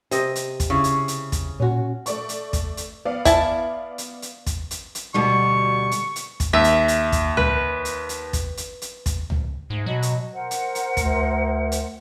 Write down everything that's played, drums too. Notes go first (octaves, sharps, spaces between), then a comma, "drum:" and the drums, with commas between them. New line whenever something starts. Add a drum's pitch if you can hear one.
C3 D#5, drum: hi-hat
drum: hi-hat
drum: kick, hi-hat
C#3 E4
drum: hi-hat
drum: hi-hat
drum: kick, hi-hat
A#2 C#4 F#4
A3 D5 C#6, drum: hi-hat
drum: hi-hat
drum: kick, hi-hat
drum: hi-hat
B3 D5 F5
E4 A5, drum: kick, hi-hat
drum: hi-hat
drum: hi-hat
drum: kick, hi-hat
drum: hi-hat
drum: hi-hat
D2 B2 G3 C#6
drum: hi-hat
drum: hi-hat
drum: kick, hi-hat
D#2 E5
drum: hi-hat
drum: hi-hat
drum: kick, hi-hat
B4, drum: tom C#2
drum: hi-hat
drum: hi-hat
drum: kick, hi-hat
drum: hi-hat
drum: hi-hat
drum: kick, hi-hat
drum: tom C#2
G#2 A3
B2 F#3 D#5
drum: hi-hat
A#4 C5 F#5
drum: hi-hat
drum: hi-hat
D2, drum: kick, hi-hat
drum: hi-hat